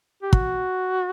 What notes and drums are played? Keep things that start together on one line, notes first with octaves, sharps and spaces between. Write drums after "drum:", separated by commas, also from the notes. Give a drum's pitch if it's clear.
G4
F#4, drum: kick